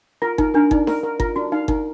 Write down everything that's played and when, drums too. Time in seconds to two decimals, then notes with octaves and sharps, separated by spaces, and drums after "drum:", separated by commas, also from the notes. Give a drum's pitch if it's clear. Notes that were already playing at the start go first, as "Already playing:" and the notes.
0.22 F4 A#4
0.38 D#4 A#4, drum: kick G1
0.54 D4 A#4
0.71 D4 D#4, drum: kick G1
0.87 A#4, drum: snare D#4
1.03 A#4
1.20 F4 A#4, drum: kick G1
1.36 D4 F#4
1.52 D#4 F5
1.68 D#4 A#4, drum: kick G1